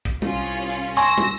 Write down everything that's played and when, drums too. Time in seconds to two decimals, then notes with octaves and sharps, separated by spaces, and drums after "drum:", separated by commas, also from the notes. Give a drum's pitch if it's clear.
0.05 drum: kick
0.22 C2 C#4 F4, drum: tom
0.70 drum: hi-hat
0.97 G#5 C6 C#6 E6 A#6, drum: hi-hat
1.18 drum: tom